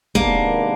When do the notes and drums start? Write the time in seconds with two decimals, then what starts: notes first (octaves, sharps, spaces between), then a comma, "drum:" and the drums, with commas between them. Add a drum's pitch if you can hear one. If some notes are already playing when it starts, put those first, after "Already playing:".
0.15 C3 D#3 G#3 A#3 B3 D4, drum: kick